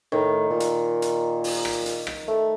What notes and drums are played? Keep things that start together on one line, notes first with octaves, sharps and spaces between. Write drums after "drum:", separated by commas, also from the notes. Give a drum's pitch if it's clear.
A2 D#3
A#2
drum: hi-hat
drum: hi-hat
drum: open hi-hat
drum: rim click
drum: hi-hat
drum: rim click
A3